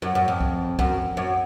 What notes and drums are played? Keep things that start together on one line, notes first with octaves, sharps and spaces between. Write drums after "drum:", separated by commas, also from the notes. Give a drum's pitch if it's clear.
F#2
F#2
F2
drum: kick C2
F#2, drum: kick C2
F#2